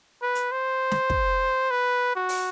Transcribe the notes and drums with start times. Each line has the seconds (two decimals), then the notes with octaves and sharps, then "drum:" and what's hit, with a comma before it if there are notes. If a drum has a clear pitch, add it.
0.22 B4
0.35 drum: hi-hat
0.52 C5
0.91 drum: snare
1.10 drum: kick
1.71 B4
2.15 F#4
2.29 drum: open hi-hat